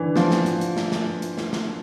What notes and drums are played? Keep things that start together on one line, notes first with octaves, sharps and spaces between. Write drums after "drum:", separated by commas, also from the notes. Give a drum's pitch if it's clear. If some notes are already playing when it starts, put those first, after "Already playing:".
Already playing: D3 E3
F3, drum: snare
drum: snare
drum: hi-hat
drum: hi-hat
drum: snare
drum: snare
drum: hi-hat
drum: snare
drum: snare